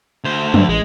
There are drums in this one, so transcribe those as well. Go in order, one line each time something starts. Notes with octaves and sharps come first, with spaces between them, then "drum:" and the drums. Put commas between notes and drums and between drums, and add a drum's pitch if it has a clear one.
D2 C5
G2, drum: tom
A1 G#3